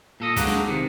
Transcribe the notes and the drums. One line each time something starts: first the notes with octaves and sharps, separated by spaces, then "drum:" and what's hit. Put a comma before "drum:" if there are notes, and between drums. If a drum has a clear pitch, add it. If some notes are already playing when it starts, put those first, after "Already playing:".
A#2 A4 D#5
G#3 A#3 D4 D#4 F#4 A4, drum: kick, hi-hat
drum: snare
C3 D#3